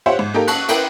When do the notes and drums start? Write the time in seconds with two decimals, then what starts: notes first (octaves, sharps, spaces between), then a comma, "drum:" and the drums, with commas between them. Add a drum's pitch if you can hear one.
0.06 F4 G4 C5 C#5 E5 F#5
0.19 G#2
0.34 A#3 D#4 G4 A4 A#4
0.47 A5 C#6 F#6, drum: cymbal
0.68 E4 A#4 B4 G5, drum: cymbal